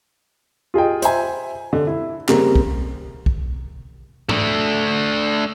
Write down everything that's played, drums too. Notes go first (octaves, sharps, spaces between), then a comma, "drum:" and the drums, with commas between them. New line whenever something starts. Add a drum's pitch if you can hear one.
F4 G#4 D#5 G5
C5 E5 G#5, drum: hi-hat
D3
E4
C#3 G3 A#3 C4, drum: clap
drum: kick B1
drum: kick B1
A3 D4, drum: tom G#2